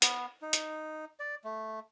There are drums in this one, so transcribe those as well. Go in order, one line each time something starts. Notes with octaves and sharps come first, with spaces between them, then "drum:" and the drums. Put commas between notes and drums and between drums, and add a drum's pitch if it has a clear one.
B3, drum: hi-hat
D#4
drum: hi-hat
D5
A3